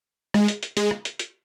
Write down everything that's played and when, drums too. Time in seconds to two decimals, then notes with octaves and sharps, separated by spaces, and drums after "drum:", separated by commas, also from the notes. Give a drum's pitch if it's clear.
0.34 G#3, drum: rim click
0.48 drum: hi-hat
0.63 drum: hi-hat
0.77 G#3, drum: hi-hat
0.91 drum: rim click
1.05 drum: hi-hat
1.19 drum: hi-hat